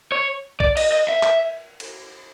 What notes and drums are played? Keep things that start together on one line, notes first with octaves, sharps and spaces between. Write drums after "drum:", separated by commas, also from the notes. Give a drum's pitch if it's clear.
C#5
D5, drum: kick A#1
D#5, drum: cymbal
D#5
E5
drum: clap
drum: cymbal